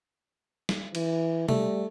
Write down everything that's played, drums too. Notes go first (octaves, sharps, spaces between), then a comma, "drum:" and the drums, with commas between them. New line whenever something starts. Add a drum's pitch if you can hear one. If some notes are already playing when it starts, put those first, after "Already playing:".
drum: snare
E3, drum: cymbal
G3 A3, drum: tom C3